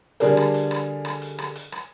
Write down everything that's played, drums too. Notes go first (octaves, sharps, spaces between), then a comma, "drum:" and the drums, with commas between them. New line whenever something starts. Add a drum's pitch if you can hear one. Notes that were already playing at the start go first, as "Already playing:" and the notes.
D3 G3 D4 G#4 A#4, drum: hi-hat
drum: rim click
drum: hi-hat
drum: rim click
drum: rim click
drum: hi-hat
drum: rim click
drum: hi-hat
drum: rim click